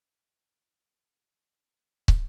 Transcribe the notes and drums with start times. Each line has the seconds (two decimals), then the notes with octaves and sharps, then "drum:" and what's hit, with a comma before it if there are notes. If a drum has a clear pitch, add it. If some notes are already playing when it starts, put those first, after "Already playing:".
0.16 A2 G4
0.55 F5 F#5
0.97 E4
1.34 G3 D4 D#4
1.65 C#4 A4
2.08 drum: kick